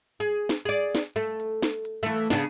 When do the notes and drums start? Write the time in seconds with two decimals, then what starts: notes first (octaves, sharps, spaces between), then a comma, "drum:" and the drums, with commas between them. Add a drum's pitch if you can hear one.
0.20 G#4
0.49 drum: snare
0.65 G#4 D5
0.95 drum: snare
1.16 A3, drum: hi-hat
1.40 drum: hi-hat
1.62 drum: snare
1.85 drum: hi-hat
2.03 E3 A3
2.30 C#3 B3 D4, drum: snare